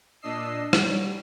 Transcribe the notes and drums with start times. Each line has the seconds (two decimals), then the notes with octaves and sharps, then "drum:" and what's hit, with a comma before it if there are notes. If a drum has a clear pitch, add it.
0.21 A#2 D4 D#5 E6 C7
0.73 F#3 G3, drum: rim click